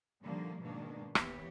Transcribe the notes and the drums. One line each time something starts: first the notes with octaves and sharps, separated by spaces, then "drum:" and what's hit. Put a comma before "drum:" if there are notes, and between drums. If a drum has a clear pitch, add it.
A#2 D3 D#3 F3 G3 A#3
G#2 B2 D#3 A#3 D4
D#2 E3 B3 G4 C#5, drum: rim click